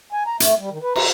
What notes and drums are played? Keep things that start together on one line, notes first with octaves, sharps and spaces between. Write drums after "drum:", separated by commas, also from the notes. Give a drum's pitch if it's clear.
G#5
A#5
A3, drum: hi-hat
G3
D#3
B4
A#5, drum: cymbal